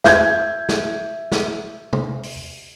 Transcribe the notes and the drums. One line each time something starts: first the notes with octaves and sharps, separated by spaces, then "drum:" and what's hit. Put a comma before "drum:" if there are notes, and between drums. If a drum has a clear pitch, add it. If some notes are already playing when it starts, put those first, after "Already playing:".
E5 G6 G#6, drum: snare
drum: snare
drum: snare
drum: tom
drum: open hi-hat